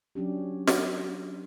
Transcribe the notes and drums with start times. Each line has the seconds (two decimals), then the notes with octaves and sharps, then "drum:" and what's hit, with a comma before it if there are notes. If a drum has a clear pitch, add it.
0.15 F#3 C#4 D4 G4
0.67 drum: snare